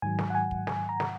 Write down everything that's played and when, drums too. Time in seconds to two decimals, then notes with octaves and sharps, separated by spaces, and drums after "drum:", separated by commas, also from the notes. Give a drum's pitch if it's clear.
0.02 G#2 D#3 F#3 G#5
0.19 drum: snare
0.30 F#5
0.35 G#5
0.51 drum: kick
0.67 G#5, drum: snare
0.89 A#5
1.00 drum: snare